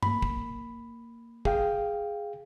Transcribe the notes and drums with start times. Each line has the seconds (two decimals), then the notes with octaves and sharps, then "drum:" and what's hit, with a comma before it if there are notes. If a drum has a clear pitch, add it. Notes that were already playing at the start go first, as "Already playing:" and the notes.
0.03 A#3 B5, drum: tom G2
0.22 drum: kick
1.45 G#4 F5 G5, drum: kick